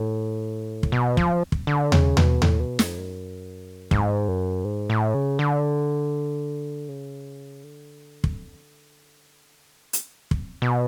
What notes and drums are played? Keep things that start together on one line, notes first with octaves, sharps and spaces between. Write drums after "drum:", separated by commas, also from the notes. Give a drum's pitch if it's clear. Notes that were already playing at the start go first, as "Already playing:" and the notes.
Already playing: A2
drum: kick
B2
F3, drum: kick
drum: kick
D3
C#3, drum: tom D#2
B2, drum: tom D#2
A2, drum: tom D#2
B2
F2, drum: snare
F#2
G#2, drum: kick
F#2
G#2
A2
C#3
D3
C#3
D3
drum: kick
drum: hi-hat
drum: kick
B2